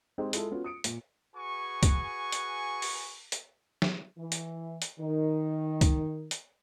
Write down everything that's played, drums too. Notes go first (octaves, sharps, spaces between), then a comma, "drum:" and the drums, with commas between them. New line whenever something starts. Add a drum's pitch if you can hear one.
G#3 C4 D#4 G4
G#3 E4 F4 A4, drum: hi-hat
B3 C#4 F4 F#4
D#6 C#7 D7
A#2, drum: hi-hat
F#4 G#4 B4 G#5 C#6
drum: kick C#2, hi-hat
drum: hi-hat
drum: open hi-hat
drum: hi-hat
drum: snare
E3
drum: hi-hat
drum: hi-hat
D#3
drum: kick C#2, hi-hat
drum: hi-hat